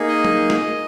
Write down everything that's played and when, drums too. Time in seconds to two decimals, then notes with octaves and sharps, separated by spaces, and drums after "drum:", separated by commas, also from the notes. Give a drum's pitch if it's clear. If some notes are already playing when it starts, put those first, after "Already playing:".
Already playing: A#3 D#4 G#4
0.08 D#5
0.25 drum: tom F#3
0.50 drum: snare